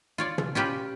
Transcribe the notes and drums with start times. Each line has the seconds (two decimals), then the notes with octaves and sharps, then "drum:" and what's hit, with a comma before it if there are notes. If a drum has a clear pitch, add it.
0.18 F4 C#5 D5
0.38 drum: tom
0.55 C#4 F4 G4 B4